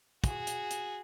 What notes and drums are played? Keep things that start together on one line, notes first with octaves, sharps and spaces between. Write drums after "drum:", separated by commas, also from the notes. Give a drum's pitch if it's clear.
F#4 G#4, drum: kick, hi-hat
drum: hi-hat
drum: hi-hat